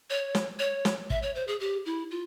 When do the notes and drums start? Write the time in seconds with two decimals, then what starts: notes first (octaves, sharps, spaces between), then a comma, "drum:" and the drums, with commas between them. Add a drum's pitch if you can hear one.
0.10 C#5
0.35 drum: snare
0.59 C#5
0.85 drum: snare
1.10 E5, drum: kick
1.23 C#5
1.35 C5
1.48 G#4
1.60 G4
1.86 E4
2.11 F4